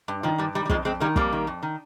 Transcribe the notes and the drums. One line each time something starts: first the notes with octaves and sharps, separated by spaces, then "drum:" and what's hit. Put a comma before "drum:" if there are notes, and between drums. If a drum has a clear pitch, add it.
G2
D#3 F3
G2 G3
D#3 G3
G3
F2 F3 G#3, drum: kick
F2 G#3 C4
D#3 G3 A#3
F2 G3 A#3, drum: kick
D#3
F2
D#3